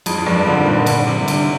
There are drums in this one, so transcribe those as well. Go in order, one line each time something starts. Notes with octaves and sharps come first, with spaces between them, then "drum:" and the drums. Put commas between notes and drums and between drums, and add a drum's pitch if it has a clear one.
F2 G#3, drum: cymbal
F2
G2 F3
D3 C4
D#3
A#2
D3
D3 C4, drum: cymbal
C3 G3
D3, drum: cymbal